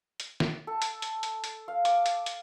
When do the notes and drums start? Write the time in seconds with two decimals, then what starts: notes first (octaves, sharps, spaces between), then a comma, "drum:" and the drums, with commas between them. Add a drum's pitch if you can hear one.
0.20 drum: hi-hat
0.40 drum: snare
0.67 A4
0.82 drum: hi-hat
1.02 drum: hi-hat
1.23 drum: hi-hat
1.44 drum: hi-hat
1.68 F5
1.85 D6, drum: hi-hat
2.06 drum: hi-hat
2.26 drum: hi-hat